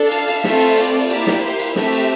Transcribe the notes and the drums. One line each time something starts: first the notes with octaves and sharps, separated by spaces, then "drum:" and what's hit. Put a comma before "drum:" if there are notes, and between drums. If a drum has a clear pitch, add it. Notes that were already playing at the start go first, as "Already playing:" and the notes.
Already playing: D4 A4
F5, drum: cymbal
drum: cymbal
A3 C4 F4 A4 E5, drum: snare
drum: cymbal
D5, drum: cymbal
A#3 E4 G4, drum: cymbal
drum: snare
C5
drum: cymbal
A3 C4 G4 E5, drum: snare
drum: cymbal